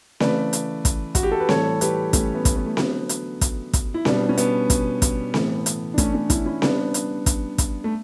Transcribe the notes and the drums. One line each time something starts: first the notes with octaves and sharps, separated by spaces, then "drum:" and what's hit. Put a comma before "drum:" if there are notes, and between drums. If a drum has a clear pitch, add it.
C#3 E3 A3 B4 D5, drum: snare C4
drum: hi-hat
drum: kick, hi-hat
F#4, drum: kick, hi-hat
G4
A4
B4
A2 E3 G3 A4 C#5, drum: snare C4
G4 B4, drum: hi-hat
A3 C#4, drum: kick, hi-hat
B3
drum: kick, hi-hat
B3
A3
D3 F#3 A3 B3, drum: snare C4
drum: hi-hat
drum: kick, hi-hat
drum: kick, hi-hat
E4
B2 G3 B3 D4, drum: snare C4
C#4
B3, drum: hi-hat
drum: kick, hi-hat
drum: kick, hi-hat
A2 E3 A3, drum: snare C4
drum: hi-hat
D4
A3 C#4, drum: kick, hi-hat
A3 C#4
C#4 E4, drum: kick, hi-hat
C#4 E4
C#3 G3 B3 D4, drum: snare C4
drum: hi-hat
drum: kick, hi-hat
drum: kick, hi-hat
A3